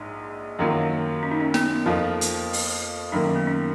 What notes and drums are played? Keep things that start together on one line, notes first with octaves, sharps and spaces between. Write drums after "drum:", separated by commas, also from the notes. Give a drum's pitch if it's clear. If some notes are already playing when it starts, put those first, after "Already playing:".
Already playing: A#1 G#2
F#2 D#3 F#3 A#3 F4
C#4
D#4
C#4
B3, drum: snare
F2 F3 A#3 F4
drum: hi-hat
drum: open hi-hat
F#2 D#3 A#3 D#4
C#4
B3
C#4